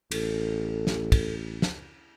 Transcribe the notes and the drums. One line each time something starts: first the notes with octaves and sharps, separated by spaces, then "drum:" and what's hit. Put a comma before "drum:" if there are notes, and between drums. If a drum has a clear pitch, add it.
A1 A4, drum: cymbal
drum: snare
drum: kick, cymbal
drum: snare